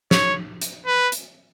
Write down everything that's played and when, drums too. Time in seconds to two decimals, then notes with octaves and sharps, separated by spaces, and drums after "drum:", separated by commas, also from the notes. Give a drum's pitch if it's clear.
0.11 C#5, drum: snare
0.61 drum: hi-hat
0.86 B4
1.12 drum: hi-hat